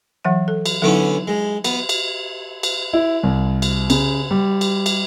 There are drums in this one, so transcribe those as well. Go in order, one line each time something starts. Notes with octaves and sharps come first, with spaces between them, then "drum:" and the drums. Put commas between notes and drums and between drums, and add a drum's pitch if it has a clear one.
E3 F#3 F#5
A4
drum: cymbal
D3 F#3 B3 C#4 D#4 E4
G#3
B3, drum: cymbal
drum: cymbal
drum: cymbal
E4
C2
drum: cymbal
C#3, drum: cymbal
G3
drum: cymbal
drum: cymbal